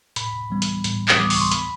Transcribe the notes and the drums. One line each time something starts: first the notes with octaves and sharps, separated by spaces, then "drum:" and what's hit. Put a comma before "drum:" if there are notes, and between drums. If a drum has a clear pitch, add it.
A2 B5, drum: hi-hat
E3 G3 B3
drum: hi-hat
A2, drum: hi-hat
D#6, drum: clap
E3 G3 B3 D6
C#6, drum: open hi-hat
C6
B5, drum: hi-hat